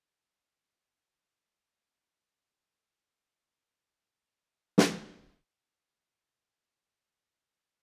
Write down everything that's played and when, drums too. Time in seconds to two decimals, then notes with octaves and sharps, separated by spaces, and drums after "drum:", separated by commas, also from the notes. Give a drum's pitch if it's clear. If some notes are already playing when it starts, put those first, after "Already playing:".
0.21 G3 D#4 A#4 D#6
2.02 D2
2.37 B3
2.54 D#5
2.67 G2
2.95 A#3
3.34 C#6
3.66 A#4
3.88 E4
4.78 drum: snare
5.67 G#2 C3